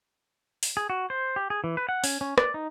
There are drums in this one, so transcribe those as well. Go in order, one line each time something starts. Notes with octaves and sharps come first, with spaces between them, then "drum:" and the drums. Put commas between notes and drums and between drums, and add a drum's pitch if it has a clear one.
drum: open hi-hat
G#4
F#4
C5
G4
G#4
E3
B4
F#5
C#4, drum: open hi-hat
C#4
D5, drum: rim click
D#4